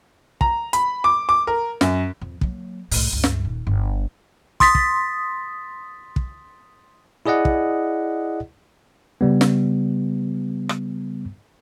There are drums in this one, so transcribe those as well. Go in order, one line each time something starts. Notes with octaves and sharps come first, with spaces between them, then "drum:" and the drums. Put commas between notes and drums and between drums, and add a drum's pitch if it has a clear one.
A#5, drum: kick
B5, drum: hi-hat
D6
D6
A#4
F#2, drum: snare
F2
F#3 A#3, drum: kick
C2 A2, drum: open hi-hat
C#2 G2
drum: snare
D#1
G1
C6 D#6 A6 B6, drum: kick
drum: kick
drum: kick
E4 G#4 D5 D#5 F#5
drum: kick
C#3 G3 B3
drum: snare
drum: rim click